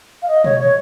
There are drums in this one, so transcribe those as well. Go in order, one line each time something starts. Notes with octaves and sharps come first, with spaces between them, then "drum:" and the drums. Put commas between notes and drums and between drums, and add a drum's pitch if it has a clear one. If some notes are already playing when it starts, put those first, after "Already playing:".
F5
D#5
C#5, drum: tom
C#5